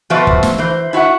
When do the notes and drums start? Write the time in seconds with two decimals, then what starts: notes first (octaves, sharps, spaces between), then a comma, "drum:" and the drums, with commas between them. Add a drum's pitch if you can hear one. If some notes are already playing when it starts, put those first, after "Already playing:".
0.10 B2 F3 F#4 B4 C5 E5
0.27 drum: kick
0.43 drum: snare
0.58 E3 C5
0.93 E4 F#4 E5 F#5